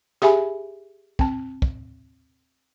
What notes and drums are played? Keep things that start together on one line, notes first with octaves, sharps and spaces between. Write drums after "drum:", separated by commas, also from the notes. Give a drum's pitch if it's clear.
G4 G#4 E5 G#5 B5, drum: snare
C4 A5, drum: kick
drum: kick